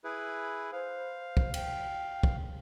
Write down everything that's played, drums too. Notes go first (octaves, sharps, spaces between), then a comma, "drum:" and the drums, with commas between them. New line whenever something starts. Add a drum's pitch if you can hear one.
E4 G#4 B4
C5 F5
drum: kick
G5, drum: cymbal
drum: kick